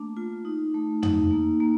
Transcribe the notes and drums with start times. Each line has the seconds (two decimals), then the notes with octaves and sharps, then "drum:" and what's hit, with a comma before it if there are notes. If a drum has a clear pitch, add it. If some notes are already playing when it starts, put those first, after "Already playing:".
Already playing: A3 A#3 D4 D6
0.17 F4
0.45 D#4
0.74 A3
1.03 D#4, drum: tom
1.31 A#3
1.60 A#3